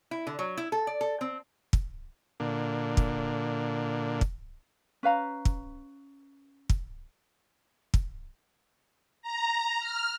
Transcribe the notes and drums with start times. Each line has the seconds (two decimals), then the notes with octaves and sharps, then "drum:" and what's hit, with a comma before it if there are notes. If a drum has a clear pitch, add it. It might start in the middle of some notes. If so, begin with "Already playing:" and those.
0.11 E4
0.27 D3
0.39 F#3
0.57 E4
0.72 A4
0.87 D5
1.01 A4
1.21 C4
1.73 drum: kick
2.40 A#2 D3
2.97 drum: kick
4.21 drum: kick
5.03 C#4 B4 F5 A#5
5.45 drum: kick
6.70 drum: kick
7.94 drum: kick
9.22 A#5
9.80 F6